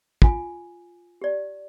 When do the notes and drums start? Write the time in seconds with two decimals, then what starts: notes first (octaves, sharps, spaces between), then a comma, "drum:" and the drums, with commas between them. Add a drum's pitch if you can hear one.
0.22 F4 G#5, drum: kick
1.22 G4 D5